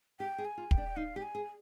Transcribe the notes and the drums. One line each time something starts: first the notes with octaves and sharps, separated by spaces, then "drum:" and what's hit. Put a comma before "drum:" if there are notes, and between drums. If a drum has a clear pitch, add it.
G4 G5
G#4
G#5
F4
G5, drum: kick
D4
D#4 F5
G4 G5
G#5
G#4